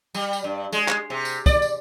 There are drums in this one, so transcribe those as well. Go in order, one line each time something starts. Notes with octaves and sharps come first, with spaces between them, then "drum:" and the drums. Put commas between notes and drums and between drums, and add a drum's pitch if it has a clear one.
G3, drum: tambourine
drum: tambourine
G2
G#3, drum: tambourine
drum: clap
C3
drum: tambourine
D5, drum: kick, tambourine
drum: tambourine